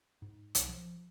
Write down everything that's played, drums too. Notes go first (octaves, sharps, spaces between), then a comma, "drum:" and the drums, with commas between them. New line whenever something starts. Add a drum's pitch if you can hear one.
G#2
B1, drum: hi-hat
F3